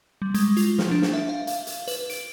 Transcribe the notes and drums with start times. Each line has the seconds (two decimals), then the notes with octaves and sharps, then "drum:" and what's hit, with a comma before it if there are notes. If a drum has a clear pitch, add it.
0.22 G3
0.34 G#3, drum: hi-hat
0.57 F4, drum: hi-hat
0.78 F3, drum: snare
0.91 D4
1.02 drum: snare
1.13 E5
1.29 F5
1.47 F5, drum: hi-hat
1.67 drum: hi-hat
1.88 B4, drum: hi-hat
2.10 D7, drum: hi-hat